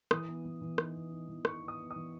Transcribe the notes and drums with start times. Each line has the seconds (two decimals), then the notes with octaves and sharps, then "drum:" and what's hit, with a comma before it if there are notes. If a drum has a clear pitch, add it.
0.11 E3 D#6, drum: rim click
0.28 B3
0.45 E3
0.61 E3
0.78 D#4, drum: rim click
0.95 B3
1.11 D#4
1.29 E3
1.45 D#4 C#6, drum: rim click
1.62 B3
1.68 D#6
1.80 B3
1.91 D#6
1.96 E3